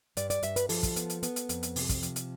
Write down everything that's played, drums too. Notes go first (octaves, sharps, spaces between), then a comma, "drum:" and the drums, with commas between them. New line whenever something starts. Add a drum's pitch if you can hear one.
G2 D5, drum: hi-hat
D5, drum: hi-hat
G2 E5, drum: hi-hat
B4, drum: hi-hat
F3 A4, drum: open hi-hat
drum: kick, hi-hat
B3, drum: hi-hat
drum: hi-hat
B3, drum: hi-hat
drum: hi-hat
F2, drum: hi-hat
drum: hi-hat
C3, drum: open hi-hat
drum: kick, hi-hat
F3, drum: hi-hat
drum: hi-hat